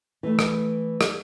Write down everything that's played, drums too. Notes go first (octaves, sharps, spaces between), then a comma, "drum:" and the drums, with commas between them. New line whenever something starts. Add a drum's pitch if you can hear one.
E3 A3
drum: rim click
drum: rim click